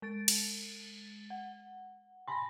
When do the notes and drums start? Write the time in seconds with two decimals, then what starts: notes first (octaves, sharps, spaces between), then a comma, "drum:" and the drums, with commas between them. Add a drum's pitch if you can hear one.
0.02 G#3 A6 D7
0.28 drum: cymbal
1.30 F#5
2.28 G#5 A5 B5 C6 A#6